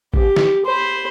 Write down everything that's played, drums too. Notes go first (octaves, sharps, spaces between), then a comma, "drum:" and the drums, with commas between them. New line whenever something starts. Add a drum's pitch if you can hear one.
G4, drum: kick G#1
drum: snare
C5 B5